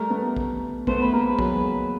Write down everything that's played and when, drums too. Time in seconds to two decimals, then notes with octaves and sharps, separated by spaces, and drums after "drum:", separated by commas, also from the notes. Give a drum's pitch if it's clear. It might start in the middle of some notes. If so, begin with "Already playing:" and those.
Already playing: G3 A3 A#4
0.10 A3 B3
0.36 drum: kick
0.87 A3 B3 C5, drum: kick
1.01 B4
1.13 G#3 A#3 A#4
1.27 B4
1.39 F#3 G#3, drum: kick